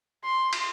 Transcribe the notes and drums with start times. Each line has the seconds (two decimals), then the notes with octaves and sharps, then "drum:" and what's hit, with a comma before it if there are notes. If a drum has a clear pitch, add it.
0.24 C6
0.53 drum: cymbal